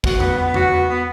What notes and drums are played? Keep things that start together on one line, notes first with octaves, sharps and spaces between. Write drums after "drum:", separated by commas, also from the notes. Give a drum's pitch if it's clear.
F#4, drum: kick
B3, drum: tom E2
B3
F#4, drum: tom E2
B3
B3